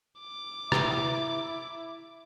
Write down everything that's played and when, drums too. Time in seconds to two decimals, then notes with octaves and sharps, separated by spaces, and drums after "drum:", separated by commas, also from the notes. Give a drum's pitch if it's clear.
0.20 D6
0.72 E4, drum: rim click